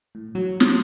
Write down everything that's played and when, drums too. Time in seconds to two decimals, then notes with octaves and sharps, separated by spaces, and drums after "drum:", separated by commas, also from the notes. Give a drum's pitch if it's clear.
0.15 A2
0.35 F#3
0.60 C5, drum: snare